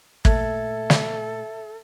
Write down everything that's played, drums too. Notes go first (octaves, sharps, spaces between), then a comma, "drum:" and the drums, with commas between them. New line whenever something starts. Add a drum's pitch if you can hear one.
A#2 A3 A4 E5 G#6, drum: kick
drum: snare